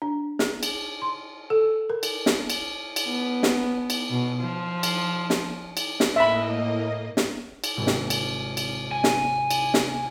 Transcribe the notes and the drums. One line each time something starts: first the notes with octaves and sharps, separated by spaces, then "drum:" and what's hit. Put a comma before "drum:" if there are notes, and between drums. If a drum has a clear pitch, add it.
D4
G#4, drum: snare
drum: cymbal
C6
A4
A#4
drum: cymbal
drum: snare
drum: cymbal
drum: cymbal
B3
drum: snare
drum: cymbal
B2
F3
drum: cymbal
drum: snare
drum: cymbal
drum: snare
A2 A#3 D#5 E5 B5
drum: snare
drum: cymbal
G#1 C3
drum: snare
drum: cymbal
drum: cymbal
G#5
drum: snare
drum: cymbal
drum: snare